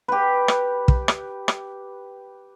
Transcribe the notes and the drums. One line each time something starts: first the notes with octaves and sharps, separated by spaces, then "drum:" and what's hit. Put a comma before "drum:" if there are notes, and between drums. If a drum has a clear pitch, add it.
G4 B4
drum: rim click
drum: kick
drum: rim click
drum: rim click